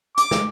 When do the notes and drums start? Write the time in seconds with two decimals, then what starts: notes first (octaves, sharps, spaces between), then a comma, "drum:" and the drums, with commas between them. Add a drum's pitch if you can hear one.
0.17 D6, drum: hi-hat
0.31 drum: snare